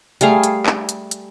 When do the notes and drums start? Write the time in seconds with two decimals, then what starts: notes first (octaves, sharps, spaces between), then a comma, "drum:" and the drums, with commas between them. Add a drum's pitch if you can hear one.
0.21 G3 A3 G#4 F5, drum: hi-hat
0.43 drum: hi-hat
0.66 drum: clap
0.89 drum: hi-hat
1.11 drum: hi-hat